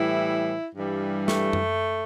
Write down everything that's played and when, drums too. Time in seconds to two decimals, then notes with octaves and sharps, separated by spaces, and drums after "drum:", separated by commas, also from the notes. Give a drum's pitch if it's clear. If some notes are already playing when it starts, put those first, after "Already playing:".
Already playing: A2 E3 G3 E4
0.75 G2 E3 G3
1.28 A3, drum: snare
1.53 drum: tom F#2